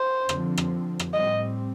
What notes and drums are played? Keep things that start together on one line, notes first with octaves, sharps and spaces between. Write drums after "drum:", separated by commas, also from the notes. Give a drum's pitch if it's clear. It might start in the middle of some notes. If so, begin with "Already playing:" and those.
Already playing: C5
D3 F3 C4, drum: rim click
drum: rim click
drum: rim click
A2 G3 C4 D#5